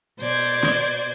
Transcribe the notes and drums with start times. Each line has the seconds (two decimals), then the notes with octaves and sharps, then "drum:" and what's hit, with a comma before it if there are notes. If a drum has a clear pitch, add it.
0.20 B2 C5 D5 G#6, drum: tambourine
0.42 drum: tambourine
0.63 drum: snare
0.85 drum: tambourine